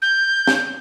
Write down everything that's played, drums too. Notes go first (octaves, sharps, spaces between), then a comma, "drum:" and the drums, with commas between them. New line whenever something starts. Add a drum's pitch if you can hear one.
G6
drum: snare